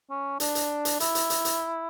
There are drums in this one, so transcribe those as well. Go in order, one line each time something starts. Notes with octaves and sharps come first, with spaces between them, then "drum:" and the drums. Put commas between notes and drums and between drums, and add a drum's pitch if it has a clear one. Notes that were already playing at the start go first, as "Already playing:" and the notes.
C#4
D4, drum: hi-hat
drum: hi-hat
drum: hi-hat
E4, drum: hi-hat
drum: hi-hat
drum: hi-hat
drum: hi-hat